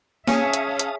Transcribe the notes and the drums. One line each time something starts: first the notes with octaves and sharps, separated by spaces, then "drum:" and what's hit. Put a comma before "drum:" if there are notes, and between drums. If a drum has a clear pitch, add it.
C#4 G#4 C#5 E5 F5 A5 D#6, drum: snare A#3
drum: hi-hat
drum: hi-hat